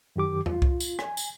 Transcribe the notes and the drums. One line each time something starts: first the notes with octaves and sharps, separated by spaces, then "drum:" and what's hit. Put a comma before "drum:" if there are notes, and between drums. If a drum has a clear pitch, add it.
F#2 D#3 G4 D6
F4, drum: tom E2
drum: kick C2
drum: tambourine
G#5, drum: rim click
drum: tambourine